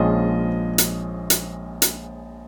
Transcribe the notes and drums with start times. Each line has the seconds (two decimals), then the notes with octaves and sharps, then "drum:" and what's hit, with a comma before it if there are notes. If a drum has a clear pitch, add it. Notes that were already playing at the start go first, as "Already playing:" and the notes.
Already playing: A#1 A#2 F3 G#3 C#4 D#5
0.78 drum: hi-hat
1.30 drum: hi-hat
1.82 drum: hi-hat